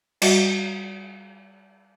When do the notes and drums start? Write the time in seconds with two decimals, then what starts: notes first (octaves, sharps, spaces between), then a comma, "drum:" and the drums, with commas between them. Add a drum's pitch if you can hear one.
0.22 G3 F#4 E5, drum: cymbal